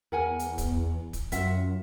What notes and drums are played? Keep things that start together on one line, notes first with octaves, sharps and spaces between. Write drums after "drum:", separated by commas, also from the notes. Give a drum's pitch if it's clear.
E2 A#4 F#5 G#5
drum: hi-hat
drum: kick, hi-hat
drum: kick, hi-hat
F#2 F4 E5 F#5, drum: hi-hat